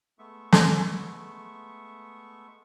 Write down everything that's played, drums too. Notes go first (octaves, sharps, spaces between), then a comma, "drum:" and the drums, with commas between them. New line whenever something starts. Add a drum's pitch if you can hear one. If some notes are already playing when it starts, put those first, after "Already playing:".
G#3 A3 B3 E5 C#6
drum: snare